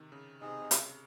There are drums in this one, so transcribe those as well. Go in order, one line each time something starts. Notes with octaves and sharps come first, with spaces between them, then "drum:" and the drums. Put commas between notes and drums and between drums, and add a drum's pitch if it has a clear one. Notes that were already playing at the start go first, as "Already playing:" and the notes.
Already playing: C3 D#3
C#3
C3 C4 D#4 G#4 D#5
C3
C#3, drum: hi-hat